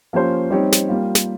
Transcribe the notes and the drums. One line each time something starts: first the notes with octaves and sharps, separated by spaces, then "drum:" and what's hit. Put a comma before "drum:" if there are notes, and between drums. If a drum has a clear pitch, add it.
F3 A#3 C#4 G4 C5
G3 C4 D#4 G4 C#5
drum: snare
G3 A#3 F4
drum: snare